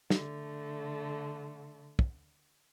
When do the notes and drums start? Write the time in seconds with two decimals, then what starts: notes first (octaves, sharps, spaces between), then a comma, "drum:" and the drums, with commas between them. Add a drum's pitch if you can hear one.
0.10 D3 A3, drum: snare
1.99 drum: kick